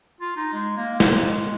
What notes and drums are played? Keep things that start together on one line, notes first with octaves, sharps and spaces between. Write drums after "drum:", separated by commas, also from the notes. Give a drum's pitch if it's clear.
F4
D#4
G#3
A#3
G#3, drum: snare